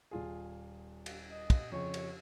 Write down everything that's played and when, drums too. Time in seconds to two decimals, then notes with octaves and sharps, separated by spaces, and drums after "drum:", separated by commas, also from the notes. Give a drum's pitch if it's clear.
0.11 D#1 F4 G#4
1.06 drum: cymbal
1.32 D#5
1.50 drum: kick, cymbal
1.72 F2 C#3 C#5
1.94 drum: cymbal